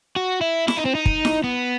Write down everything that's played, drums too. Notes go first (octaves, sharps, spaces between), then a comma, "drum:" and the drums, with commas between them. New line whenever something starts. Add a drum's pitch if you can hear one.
F#4
E4
E4, drum: snare E4
D#4
C4
D#4
drum: kick
drum: snare E4
B3